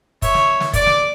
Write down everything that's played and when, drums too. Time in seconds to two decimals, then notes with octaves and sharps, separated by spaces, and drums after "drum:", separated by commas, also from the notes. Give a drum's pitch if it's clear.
0.22 C#5 E5, drum: kick, hi-hat
0.34 drum: snare
0.60 drum: snare
0.73 D5 D6, drum: kick, hi-hat
0.86 drum: snare